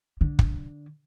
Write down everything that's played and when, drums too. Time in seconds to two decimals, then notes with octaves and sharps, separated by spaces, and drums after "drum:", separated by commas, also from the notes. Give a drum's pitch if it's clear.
0.21 D3
0.39 drum: kick